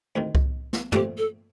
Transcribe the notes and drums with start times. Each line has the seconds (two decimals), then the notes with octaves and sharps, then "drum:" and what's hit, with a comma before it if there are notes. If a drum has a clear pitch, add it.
0.16 D2 C3 D#3
0.35 drum: kick C2
0.73 drum: snare
0.92 A#2 A3 C4 G4, drum: tom
1.18 A4